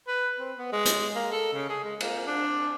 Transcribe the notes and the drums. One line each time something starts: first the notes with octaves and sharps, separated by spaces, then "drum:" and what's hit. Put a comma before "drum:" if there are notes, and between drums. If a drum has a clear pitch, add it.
B4
C4
B3
G#3
drum: hi-hat
A#3
A4
C#3
G#4
G#3
A#3, drum: cymbal
D4